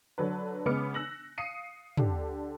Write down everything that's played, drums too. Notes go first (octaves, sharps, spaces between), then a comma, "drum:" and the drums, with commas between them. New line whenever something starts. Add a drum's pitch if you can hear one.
D3 F#3 B4
C#3 G#3 B3 D6 F6 C#7
E6 F#6 A#6 F#7
F5 D#6 C7 C#7 D#7
D3 G4, drum: tom